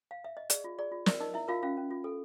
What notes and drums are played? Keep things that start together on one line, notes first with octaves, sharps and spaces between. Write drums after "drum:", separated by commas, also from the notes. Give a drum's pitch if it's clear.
F5
E5
D#5
G#4 D5, drum: hi-hat
F4
G#4 D5
F4
A#4 D5, drum: snare
D#4 A#4 D#5
E4 E5
F4 A#4 F5
C#4 F4 F5
C#4
F4
A4